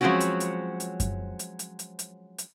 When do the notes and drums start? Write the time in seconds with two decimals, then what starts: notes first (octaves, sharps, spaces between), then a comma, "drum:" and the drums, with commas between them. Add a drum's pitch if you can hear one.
0.01 F3 F#3 G#3 C4 C#4 F#4
0.21 drum: hi-hat
0.40 drum: hi-hat
0.80 drum: hi-hat
1.00 drum: kick F#2, hi-hat
1.39 drum: hi-hat
1.59 drum: hi-hat
1.79 drum: hi-hat
1.99 drum: hi-hat
2.38 drum: hi-hat